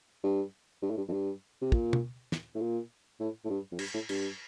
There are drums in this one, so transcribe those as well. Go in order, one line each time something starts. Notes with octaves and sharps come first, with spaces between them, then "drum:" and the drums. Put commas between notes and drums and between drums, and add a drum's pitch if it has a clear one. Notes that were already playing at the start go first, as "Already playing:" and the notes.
G2
G2
A2
G2
F2
G2
C3
A#2, drum: kick
drum: tom
drum: snare
A2
A#2
A2
A2
G2
F2
G2, drum: cymbal
A2
G2, drum: cymbal